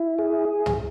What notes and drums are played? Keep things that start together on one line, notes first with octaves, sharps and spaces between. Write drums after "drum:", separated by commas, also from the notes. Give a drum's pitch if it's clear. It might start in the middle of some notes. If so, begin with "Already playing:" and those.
Already playing: E4
G#4
drum: tom